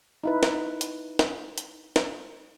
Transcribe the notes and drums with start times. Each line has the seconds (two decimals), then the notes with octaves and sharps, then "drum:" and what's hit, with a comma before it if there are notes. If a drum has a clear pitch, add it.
0.23 D#4 E4 B4
0.43 drum: snare
0.81 drum: hi-hat
1.19 drum: snare
1.58 drum: hi-hat
1.96 drum: snare